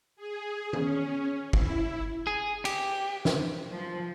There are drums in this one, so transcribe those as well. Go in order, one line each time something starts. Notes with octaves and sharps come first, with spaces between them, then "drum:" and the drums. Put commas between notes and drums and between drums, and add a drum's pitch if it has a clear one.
G#4
C#4, drum: tom
E4, drum: kick
G#4
G4, drum: cymbal
drum: snare
F3